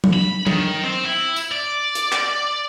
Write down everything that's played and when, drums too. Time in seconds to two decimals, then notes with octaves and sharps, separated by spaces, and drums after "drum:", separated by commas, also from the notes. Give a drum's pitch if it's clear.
0.04 drum: tom F#3
0.14 B5
0.47 D#3, drum: tom F#3
0.84 C4
1.05 E4
1.36 drum: tambourine
1.52 D5
1.95 drum: hi-hat
2.12 drum: clap